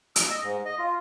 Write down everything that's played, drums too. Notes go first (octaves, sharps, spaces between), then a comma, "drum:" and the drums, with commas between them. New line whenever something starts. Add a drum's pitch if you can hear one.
E6, drum: hi-hat
D#5
G#2
D#5
F4